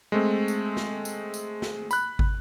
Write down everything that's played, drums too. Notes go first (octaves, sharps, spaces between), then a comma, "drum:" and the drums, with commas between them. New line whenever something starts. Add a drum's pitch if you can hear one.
G#3 A3 C4
drum: tambourine
drum: snare
drum: tambourine
drum: tambourine
drum: snare
B5 F#6, drum: tambourine
drum: kick